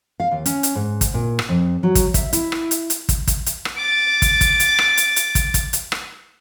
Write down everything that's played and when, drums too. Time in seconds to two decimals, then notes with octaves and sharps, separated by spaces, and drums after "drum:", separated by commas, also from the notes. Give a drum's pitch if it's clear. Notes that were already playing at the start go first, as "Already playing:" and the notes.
0.20 F5
0.31 D#2
0.46 C#4, drum: hi-hat
0.63 drum: hi-hat
0.75 G#2
1.01 drum: kick, hi-hat
1.14 A#2
1.39 drum: rim click
1.49 F2
1.83 F#3
1.95 drum: kick, hi-hat
2.14 E5, drum: kick, hi-hat
2.33 E4, drum: hi-hat
2.52 drum: rim click
2.71 drum: hi-hat
2.90 drum: hi-hat
3.09 drum: kick, hi-hat
3.27 drum: kick, hi-hat
3.46 drum: hi-hat
3.65 drum: rim click
3.77 D6 A6
4.22 drum: kick, hi-hat
4.41 drum: kick, hi-hat
4.60 drum: hi-hat
4.79 drum: rim click
4.97 drum: hi-hat
5.16 drum: hi-hat
5.35 drum: kick, hi-hat
5.54 drum: kick, hi-hat
5.73 drum: hi-hat
5.92 drum: rim click